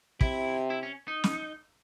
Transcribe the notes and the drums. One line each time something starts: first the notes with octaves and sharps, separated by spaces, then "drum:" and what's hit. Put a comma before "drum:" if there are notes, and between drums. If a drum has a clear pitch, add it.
C3 E4, drum: kick
E4
C#4
D#4
drum: snare